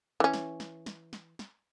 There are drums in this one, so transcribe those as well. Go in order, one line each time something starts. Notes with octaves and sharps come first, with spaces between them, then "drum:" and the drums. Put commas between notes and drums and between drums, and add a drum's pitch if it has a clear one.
E3 C#4
drum: snare
drum: snare
drum: snare
drum: snare
drum: snare